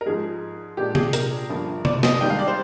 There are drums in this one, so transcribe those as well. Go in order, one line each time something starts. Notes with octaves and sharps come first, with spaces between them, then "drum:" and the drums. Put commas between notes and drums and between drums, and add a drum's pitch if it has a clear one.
A#4
G#2 F3 G#3 G#4
A#2 G#3 D4 G4
G#4, drum: tom C3
A#4, drum: hi-hat
G1 G2 F3 A#3
D5, drum: tom C3
D#5, drum: snare
G#1 G#2 D#3 G3 D4 G5
F5
D5
C5